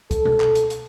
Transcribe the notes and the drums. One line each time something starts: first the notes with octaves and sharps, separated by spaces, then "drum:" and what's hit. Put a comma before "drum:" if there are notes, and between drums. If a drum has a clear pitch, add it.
A4, drum: kick, hi-hat
drum: tom B2
drum: clap
drum: hi-hat
drum: hi-hat